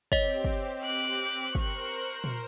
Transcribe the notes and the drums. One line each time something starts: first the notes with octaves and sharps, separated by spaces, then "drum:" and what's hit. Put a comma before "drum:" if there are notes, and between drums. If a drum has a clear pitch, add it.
C4 G4 C#5 D#5, drum: kick
drum: kick
D6 F#6
A#4 C5 C#6 F#6, drum: kick
drum: tom A#2